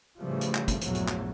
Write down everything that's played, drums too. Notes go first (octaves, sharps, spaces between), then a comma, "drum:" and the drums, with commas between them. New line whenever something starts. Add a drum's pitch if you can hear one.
A2 C#3 E3 F3 G3 A3
drum: hi-hat
drum: clap
drum: kick, hi-hat
A#1 E2 G2 F#3 A3, drum: hi-hat
drum: hi-hat
drum: clap